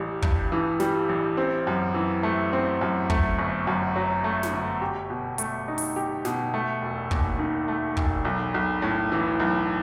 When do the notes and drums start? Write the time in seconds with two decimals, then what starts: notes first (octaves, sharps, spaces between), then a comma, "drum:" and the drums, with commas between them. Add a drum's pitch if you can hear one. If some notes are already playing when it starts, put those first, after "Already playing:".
Already playing: A1 G3
0.22 G2, drum: kick
0.52 E3
0.80 G3, drum: snare
1.09 A1
1.37 C4
1.67 F#2
1.94 E3
2.23 A3
2.53 C4
2.81 F#2
3.10 A3, drum: kick
3.39 G1
3.67 F#2
3.96 F#3
4.24 A3
4.43 drum: snare
4.53 G1
4.82 G4
5.10 B2
5.38 A3, drum: hi-hat
5.68 D#4
5.78 drum: open hi-hat
5.96 G4
6.25 B2, drum: snare
6.54 A3
6.81 E1
7.11 D#2, drum: kick
7.39 D#3
7.68 A3
7.97 E1, drum: kick
8.25 B1
8.54 B1
8.82 A2
9.12 E3
9.40 B1